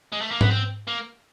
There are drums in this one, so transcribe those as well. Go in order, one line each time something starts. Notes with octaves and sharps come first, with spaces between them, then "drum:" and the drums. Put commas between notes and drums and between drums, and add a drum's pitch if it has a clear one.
G#3
A3
A#3
B3, drum: tom G#2
C4
A#3